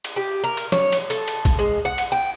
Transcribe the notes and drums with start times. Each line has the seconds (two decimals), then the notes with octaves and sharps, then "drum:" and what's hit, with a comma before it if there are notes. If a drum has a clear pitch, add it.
0.04 drum: cymbal
0.16 G4
0.44 A#4
0.57 drum: cymbal
0.72 C#5, drum: snare
0.92 drum: cymbal
1.10 A4, drum: cymbal
1.28 drum: cymbal
1.45 drum: kick, cymbal
1.59 G#3
1.85 F#5
1.98 drum: cymbal
2.12 G5